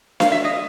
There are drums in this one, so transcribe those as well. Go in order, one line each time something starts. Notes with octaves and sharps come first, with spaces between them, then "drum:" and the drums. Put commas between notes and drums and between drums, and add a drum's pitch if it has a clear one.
F5, drum: snare D4
E5
D#5